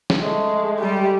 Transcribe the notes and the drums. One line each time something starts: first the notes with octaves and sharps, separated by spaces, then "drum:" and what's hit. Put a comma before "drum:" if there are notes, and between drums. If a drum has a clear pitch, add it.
drum: snare
G#3 A3
G3 G4